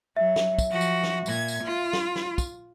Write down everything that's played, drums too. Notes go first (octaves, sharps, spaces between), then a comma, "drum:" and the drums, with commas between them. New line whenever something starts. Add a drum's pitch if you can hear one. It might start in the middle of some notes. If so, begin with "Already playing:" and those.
F#3 E5
drum: snare
drum: kick, tambourine
F3 F#4
drum: tambourine
drum: snare
A#2 G#6, drum: tambourine
drum: tambourine
F4
drum: snare
drum: snare
drum: kick, tambourine